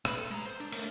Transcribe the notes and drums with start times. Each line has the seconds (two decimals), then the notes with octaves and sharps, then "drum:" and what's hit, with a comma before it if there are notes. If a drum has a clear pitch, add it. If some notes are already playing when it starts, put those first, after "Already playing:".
0.05 B2 B5, drum: rim click
0.17 A4
0.30 G#3 A#5
0.46 C5
0.60 D4
0.72 A3 A#4, drum: cymbal